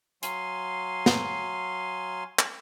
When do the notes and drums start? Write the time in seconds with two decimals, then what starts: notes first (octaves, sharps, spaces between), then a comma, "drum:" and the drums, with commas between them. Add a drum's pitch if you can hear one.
0.23 F#3 F5 G#5 C6, drum: hi-hat
1.06 drum: snare
2.39 drum: clap